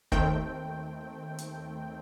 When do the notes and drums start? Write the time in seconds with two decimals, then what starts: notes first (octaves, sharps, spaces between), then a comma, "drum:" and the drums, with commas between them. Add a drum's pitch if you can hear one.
0.12 D#2 D#3 A3 C4 G5, drum: kick F1
1.38 drum: hi-hat